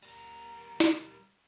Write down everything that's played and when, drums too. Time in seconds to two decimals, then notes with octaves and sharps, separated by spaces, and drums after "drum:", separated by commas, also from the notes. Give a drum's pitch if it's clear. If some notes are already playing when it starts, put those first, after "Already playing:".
0.03 G3 A#4
0.80 drum: snare